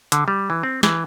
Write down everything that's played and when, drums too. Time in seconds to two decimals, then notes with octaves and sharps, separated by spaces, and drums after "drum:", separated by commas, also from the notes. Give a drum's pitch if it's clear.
0.12 D3, drum: hi-hat
0.28 G3
0.50 E3
0.63 C4
0.83 E3, drum: snare